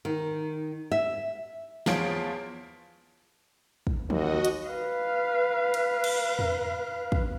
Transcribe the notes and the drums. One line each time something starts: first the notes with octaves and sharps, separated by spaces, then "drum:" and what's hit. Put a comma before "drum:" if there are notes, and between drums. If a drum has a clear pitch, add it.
D#3
E5
E2 F3 F4 C#5 D7, drum: snare
drum: kick
D#2 F#4 D#5, drum: tom E3
drum: hi-hat
B4 F5
drum: cymbal
drum: cymbal
drum: tom E2
drum: kick